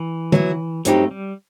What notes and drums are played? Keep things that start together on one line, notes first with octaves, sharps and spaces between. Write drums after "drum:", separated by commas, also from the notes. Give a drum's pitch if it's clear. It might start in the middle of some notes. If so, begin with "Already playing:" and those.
Already playing: E3
F#3 B3 E4, drum: tom D3
G2 F#3 A3 C4 D#4 G4, drum: hi-hat
G3